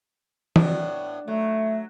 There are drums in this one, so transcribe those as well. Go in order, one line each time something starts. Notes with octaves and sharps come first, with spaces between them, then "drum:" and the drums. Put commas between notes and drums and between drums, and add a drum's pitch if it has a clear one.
A2 B3 D4, drum: tom E3
F#3 A3